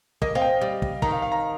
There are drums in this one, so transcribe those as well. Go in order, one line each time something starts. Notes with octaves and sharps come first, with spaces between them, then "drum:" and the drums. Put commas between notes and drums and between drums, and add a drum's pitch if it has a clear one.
A#3 D#5, drum: kick
C4 F5
G5
G3
drum: kick
D#3 A#5, drum: kick
F5
F5
A#5